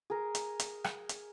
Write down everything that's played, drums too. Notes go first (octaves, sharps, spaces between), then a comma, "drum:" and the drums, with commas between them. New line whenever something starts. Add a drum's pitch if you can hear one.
G#4 A#4
drum: hi-hat
drum: hi-hat
drum: rim click
drum: hi-hat